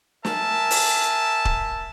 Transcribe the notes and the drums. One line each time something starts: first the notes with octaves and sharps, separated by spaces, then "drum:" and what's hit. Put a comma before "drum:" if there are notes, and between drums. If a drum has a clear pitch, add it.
A#4 E5 G#5 A5, drum: snare
drum: open hi-hat
drum: kick D#1